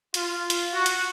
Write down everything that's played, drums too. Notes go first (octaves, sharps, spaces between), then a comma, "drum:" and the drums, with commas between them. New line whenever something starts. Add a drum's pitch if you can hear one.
F4, drum: hi-hat
drum: hi-hat
F#4
drum: hi-hat